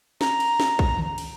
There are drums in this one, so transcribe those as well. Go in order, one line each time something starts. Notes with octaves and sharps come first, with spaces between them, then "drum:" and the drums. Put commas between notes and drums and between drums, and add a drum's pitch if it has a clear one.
A#5, drum: snare
drum: cymbal
drum: snare
drum: kick
drum: tom D3
drum: cymbal